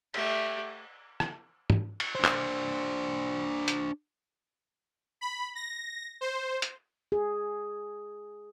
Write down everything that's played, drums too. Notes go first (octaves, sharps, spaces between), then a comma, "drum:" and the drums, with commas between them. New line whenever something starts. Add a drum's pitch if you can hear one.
A3 G4, drum: cymbal
drum: rim click
drum: tom
drum: cymbal
D4 C5
drum: clap
drum: hi-hat
B5
A#6
C5
drum: hi-hat
G#4